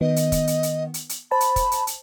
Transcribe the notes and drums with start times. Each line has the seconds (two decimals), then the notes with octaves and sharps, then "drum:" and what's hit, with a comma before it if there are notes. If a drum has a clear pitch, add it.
0.01 D#3 B3 D#5
0.16 drum: hi-hat
0.32 drum: kick, hi-hat
0.47 drum: hi-hat
0.63 drum: hi-hat
0.94 drum: hi-hat
1.09 drum: hi-hat
1.31 C5 A5 B5
1.40 drum: hi-hat
1.56 drum: kick, hi-hat
1.71 drum: hi-hat
1.87 drum: hi-hat